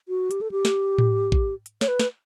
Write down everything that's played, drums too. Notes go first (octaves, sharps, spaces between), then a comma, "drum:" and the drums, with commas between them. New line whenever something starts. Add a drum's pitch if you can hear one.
F#4
G4, drum: hi-hat
A4
G4
drum: snare
drum: tom A2
drum: kick
drum: hi-hat
C#5, drum: snare
B4
drum: snare